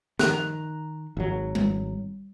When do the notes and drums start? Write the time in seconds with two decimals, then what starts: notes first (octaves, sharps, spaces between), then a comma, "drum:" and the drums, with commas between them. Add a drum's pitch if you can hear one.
0.19 D#3 A#5 F#6, drum: snare
1.17 G#1 F#3
1.55 drum: tom G3